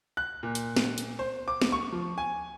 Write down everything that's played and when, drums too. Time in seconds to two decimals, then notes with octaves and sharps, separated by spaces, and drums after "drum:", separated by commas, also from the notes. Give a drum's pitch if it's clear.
0.17 F#6
0.43 A#2
0.55 drum: hi-hat
0.76 drum: snare
0.98 drum: hi-hat
1.19 C5
1.48 D6
1.62 drum: snare
1.72 C#6
1.92 F3
2.18 G#5